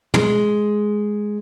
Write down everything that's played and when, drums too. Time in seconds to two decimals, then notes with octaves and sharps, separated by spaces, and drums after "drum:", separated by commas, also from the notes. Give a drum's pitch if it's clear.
0.14 G#3, drum: tom